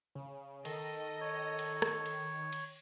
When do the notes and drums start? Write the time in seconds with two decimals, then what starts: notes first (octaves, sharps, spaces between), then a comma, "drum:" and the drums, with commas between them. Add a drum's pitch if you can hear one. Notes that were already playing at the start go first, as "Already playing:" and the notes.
0.15 C#3
0.65 D#3 A4 D#5, drum: cymbal
1.21 C#5
1.59 drum: cymbal
1.82 drum: rim click
2.06 drum: cymbal
2.52 drum: cymbal